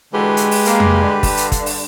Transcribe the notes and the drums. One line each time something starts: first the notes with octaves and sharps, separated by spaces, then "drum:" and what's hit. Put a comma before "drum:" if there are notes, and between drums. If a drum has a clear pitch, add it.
D3 E3 G#3 F#4 G4 B4
drum: hi-hat
drum: open hi-hat
A#3, drum: hi-hat
drum: tom F2
G2 D3
drum: kick F#1, open hi-hat
drum: hi-hat
drum: kick F#1, hi-hat
drum: open hi-hat